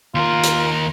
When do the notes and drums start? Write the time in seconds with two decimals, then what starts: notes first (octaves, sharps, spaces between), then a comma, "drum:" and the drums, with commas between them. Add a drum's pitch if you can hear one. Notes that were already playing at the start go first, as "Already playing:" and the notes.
0.15 D#2 F4 A#4
0.43 drum: hi-hat